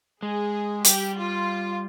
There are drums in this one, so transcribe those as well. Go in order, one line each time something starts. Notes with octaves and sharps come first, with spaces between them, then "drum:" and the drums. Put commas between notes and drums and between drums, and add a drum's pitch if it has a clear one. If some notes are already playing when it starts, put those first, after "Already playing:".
G#3 G#4
G3 G4, drum: hi-hat
F4